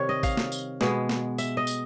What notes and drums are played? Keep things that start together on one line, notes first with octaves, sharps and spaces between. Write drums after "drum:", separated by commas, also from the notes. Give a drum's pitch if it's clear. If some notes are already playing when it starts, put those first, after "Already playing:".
Already playing: C3 D#3 G3 C#5
D#5
F5, drum: kick G#1, tambourine
drum: snare
drum: tambourine
B2 G#3 B3, drum: snare
drum: snare
E5, drum: tambourine
D#5
drum: tambourine